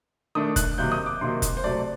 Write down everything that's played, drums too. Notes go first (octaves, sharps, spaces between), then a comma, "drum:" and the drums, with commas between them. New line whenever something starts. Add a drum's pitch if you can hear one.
D#3 A3 D4 D#6
F#6, drum: kick F1, hi-hat
C3 D#3 F#3 A#3 D#4 G6
D#6
D6
C3 D#3 F#3 A#3 D#4 C6
drum: kick F1, hi-hat
C5
C3 F#3 A3 D5